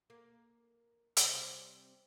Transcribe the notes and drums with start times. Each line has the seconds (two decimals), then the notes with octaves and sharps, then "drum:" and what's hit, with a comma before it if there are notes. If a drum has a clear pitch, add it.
0.10 A#3
1.17 C3 G3, drum: hi-hat